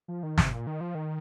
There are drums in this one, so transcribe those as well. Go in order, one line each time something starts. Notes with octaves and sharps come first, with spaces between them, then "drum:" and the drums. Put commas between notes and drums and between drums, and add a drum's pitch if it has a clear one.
F3
D#3
C3, drum: snare
A#2
D#3
F3
D#3